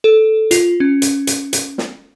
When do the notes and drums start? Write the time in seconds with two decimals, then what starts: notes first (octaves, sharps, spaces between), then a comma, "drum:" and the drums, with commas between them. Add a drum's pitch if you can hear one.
0.04 A4
0.51 F4, drum: hi-hat
0.80 C#4
1.02 drum: hi-hat
1.27 drum: hi-hat
1.53 drum: hi-hat
1.78 drum: snare